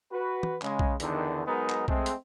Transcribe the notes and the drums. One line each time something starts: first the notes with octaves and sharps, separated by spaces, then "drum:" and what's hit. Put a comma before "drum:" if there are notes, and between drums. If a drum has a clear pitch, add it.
F#4 B4
drum: tom
C#3 G#3, drum: clap
drum: kick B1
E2 D3 D#3, drum: hi-hat
F#3 G#3 B3 D#4 G#4 A#4
drum: clap
G#3 A3 C4, drum: kick B1
drum: hi-hat